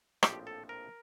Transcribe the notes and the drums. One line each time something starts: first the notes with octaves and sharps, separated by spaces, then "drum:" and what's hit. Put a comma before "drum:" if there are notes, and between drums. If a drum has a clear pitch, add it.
A#1 A2 F3 C4 G4, drum: rim click
A4
A#4